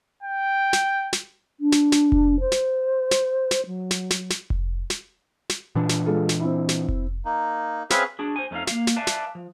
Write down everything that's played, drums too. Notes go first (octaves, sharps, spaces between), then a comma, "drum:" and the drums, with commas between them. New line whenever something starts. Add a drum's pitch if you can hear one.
G5
drum: snare
drum: snare
D4
drum: snare
drum: snare
drum: kick F1
C5
drum: snare
drum: snare
drum: snare
F#3
drum: snare
drum: snare
drum: snare
drum: kick F1
drum: snare
drum: snare
A#2 E3 D4
drum: snare
G#3 F4 A4
drum: snare
C4 E4
drum: snare
drum: kick F1
A#3 D#4
C4 C#4 G#4 B4 E5 F5, drum: snare
D4 F#4 G#4
C5 G#5
F2 A3 C#4 D#4 F5
A#3 F5, drum: snare
drum: snare
B4 D5 E5 F5 G#5 A5
drum: snare
F3